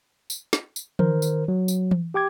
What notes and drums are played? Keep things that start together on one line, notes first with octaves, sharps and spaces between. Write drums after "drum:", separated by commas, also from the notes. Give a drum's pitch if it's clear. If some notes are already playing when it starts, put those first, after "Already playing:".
drum: tambourine
drum: snare
drum: tambourine
D#3 A#4 C5, drum: tom E3
drum: tambourine
F#3
drum: tambourine
drum: tom E3
G4 G5 D6 G#6